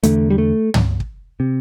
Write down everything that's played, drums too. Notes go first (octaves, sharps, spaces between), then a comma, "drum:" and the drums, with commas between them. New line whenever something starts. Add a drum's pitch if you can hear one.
E2 D3 A3, drum: hi-hat
G3
A3
drum: tom
drum: kick
C3